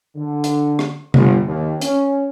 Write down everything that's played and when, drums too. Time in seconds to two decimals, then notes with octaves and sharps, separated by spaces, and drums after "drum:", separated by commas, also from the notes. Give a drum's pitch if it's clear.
0.16 D3
0.44 drum: hi-hat
0.79 drum: rim click
1.14 G1, drum: tom C3
1.46 D#2
1.81 C#4, drum: hi-hat